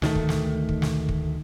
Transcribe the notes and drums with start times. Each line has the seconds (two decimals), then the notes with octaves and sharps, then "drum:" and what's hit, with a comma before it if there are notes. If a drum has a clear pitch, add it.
0.02 D2 D#3 F3 A3, drum: snare
0.15 drum: kick
0.29 drum: snare
0.69 drum: kick
0.82 drum: snare
1.09 drum: kick